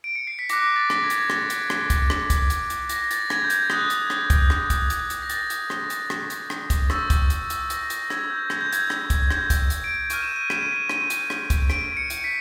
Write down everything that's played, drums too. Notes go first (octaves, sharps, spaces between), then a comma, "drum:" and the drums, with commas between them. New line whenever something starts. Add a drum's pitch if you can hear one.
D7
C#7
C7
B6
D6 F#6 A#6, drum: hi-hat
A6
drum: rim click
G#6
A6, drum: hi-hat
G#6
A6, drum: rim click
drum: hi-hat
drum: rim click
drum: kick C2, hi-hat
drum: rim click
drum: kick C2, hi-hat
drum: hi-hat
drum: hi-hat
A#6, drum: hi-hat
A6, drum: hi-hat
G#6, drum: rim click
G6
G#6, drum: hi-hat
D#6 F#6 G#6, drum: rim click
drum: hi-hat
drum: rim click
drum: kick C2, hi-hat
drum: rim click
drum: kick C2, hi-hat
drum: hi-hat
drum: hi-hat
A#6
A6, drum: hi-hat
drum: hi-hat
drum: rim click
drum: hi-hat
drum: rim click
drum: hi-hat
drum: rim click
drum: kick C2, hi-hat
C#6 E6 G6 A6, drum: rim click
drum: kick C2, hi-hat
drum: hi-hat
drum: hi-hat
A#6, drum: hi-hat
A#6, drum: hi-hat
G#6, drum: rim click
G6
G#6, drum: rim click
G6
G#6, drum: hi-hat
drum: rim click
drum: kick C2, hi-hat
G6, drum: rim click
drum: kick C2, hi-hat
drum: hi-hat
D7
C#6 F6 D#7, drum: hi-hat
E7
D#7
E7, drum: rim click
D#7
E7
D#7, drum: rim click
drum: hi-hat
drum: rim click
drum: kick C2, hi-hat
D7, drum: rim click
C#7
drum: hi-hat
B6